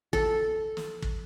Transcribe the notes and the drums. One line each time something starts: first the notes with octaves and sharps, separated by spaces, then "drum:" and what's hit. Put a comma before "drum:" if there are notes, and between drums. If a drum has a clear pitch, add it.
A4, drum: kick
drum: snare
drum: kick